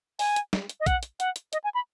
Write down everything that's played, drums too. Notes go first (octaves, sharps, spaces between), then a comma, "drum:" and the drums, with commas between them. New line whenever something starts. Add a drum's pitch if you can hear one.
G#5, drum: open hi-hat
drum: hi-hat
drum: snare
drum: hi-hat
D#5
F#5, drum: kick, hi-hat
drum: hi-hat
F#5, drum: hi-hat
drum: hi-hat
D#5, drum: hi-hat
G#5
B5